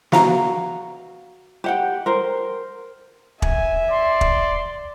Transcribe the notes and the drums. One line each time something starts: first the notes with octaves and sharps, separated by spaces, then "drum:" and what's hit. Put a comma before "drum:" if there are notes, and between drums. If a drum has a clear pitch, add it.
F#4 F5 A#5, drum: snare
G4 F#5 G5
A#4 C5
E5 G#5, drum: kick
D5 C6
drum: kick